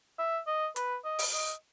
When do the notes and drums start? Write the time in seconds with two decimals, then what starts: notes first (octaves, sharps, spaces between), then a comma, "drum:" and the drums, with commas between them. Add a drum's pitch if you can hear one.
0.19 E5
0.47 D#5
0.76 B4, drum: hi-hat
1.04 D#5
1.19 drum: open hi-hat
1.33 D#5